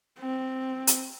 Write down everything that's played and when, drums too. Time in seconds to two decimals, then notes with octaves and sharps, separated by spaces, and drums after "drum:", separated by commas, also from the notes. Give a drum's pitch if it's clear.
0.20 C4
0.87 drum: hi-hat